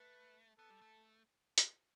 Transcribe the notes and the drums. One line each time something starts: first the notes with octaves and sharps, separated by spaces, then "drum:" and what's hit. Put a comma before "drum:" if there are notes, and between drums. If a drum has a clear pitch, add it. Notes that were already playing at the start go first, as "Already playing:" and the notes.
Already playing: A3 B4
B3 A4
G3
A3
drum: hi-hat